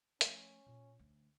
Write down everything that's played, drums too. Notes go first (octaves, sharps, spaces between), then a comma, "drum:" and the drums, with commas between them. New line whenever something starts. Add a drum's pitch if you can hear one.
F3 A3 C#4, drum: hi-hat
A#2
D2